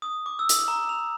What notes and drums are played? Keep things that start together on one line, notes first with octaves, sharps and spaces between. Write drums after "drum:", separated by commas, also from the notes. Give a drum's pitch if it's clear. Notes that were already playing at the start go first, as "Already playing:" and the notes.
D#6
D6
E6
drum: hi-hat
A#5
F7